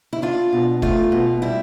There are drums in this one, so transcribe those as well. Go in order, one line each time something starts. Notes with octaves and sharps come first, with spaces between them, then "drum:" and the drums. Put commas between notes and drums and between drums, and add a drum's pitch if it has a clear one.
E4
D4 F4
B2
A3 F4, drum: kick
B2
G3 E4